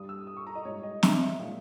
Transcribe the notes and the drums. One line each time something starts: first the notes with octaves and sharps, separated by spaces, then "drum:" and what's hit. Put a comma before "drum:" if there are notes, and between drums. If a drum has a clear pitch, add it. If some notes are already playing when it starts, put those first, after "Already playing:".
Already playing: G2 G3 D#6
E6
D#6
C#6
A#5
D#5
G#2 G3 C#5
D#5
E5, drum: snare
E5
A#2 G#3